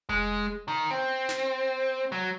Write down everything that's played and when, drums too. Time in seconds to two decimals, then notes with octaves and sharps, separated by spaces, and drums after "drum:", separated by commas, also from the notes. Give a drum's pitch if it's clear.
0.09 G#3, drum: kick F1
0.68 D#3
0.91 C4
1.29 drum: snare
2.12 F#3